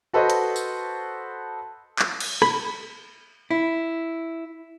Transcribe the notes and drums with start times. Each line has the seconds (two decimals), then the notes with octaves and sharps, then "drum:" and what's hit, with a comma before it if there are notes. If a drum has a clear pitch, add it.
0.13 F#4 A4 B4 C5 D#5
0.30 drum: hi-hat
0.56 drum: tambourine
1.99 drum: clap
2.20 drum: cymbal
2.42 B5, drum: rim click
3.51 E4